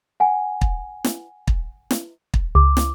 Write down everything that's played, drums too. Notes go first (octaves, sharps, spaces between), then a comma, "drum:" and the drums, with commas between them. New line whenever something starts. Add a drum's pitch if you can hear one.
F#5 G#5
drum: kick
drum: snare
drum: kick
drum: snare
drum: kick
C#2 D6
drum: snare